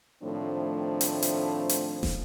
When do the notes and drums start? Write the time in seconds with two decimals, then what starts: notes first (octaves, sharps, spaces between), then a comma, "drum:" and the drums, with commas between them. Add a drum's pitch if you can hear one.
0.23 A2 D#3 F3 A3 C4 D4
1.01 drum: hi-hat
1.23 drum: hi-hat
1.69 drum: hi-hat
2.03 drum: snare